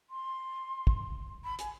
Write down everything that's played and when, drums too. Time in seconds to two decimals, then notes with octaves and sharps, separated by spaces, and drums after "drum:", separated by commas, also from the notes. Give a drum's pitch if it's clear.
0.09 C6
0.87 drum: kick
1.44 B5
1.59 G#5, drum: hi-hat